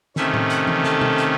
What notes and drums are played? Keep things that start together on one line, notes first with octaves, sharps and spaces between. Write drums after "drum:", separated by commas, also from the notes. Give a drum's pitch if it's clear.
C3 D#3 A3 C#4 E5, drum: snare
drum: tom A2
F#5, drum: hi-hat
drum: tom E3
A4, drum: snare
drum: tom B2
drum: hi-hat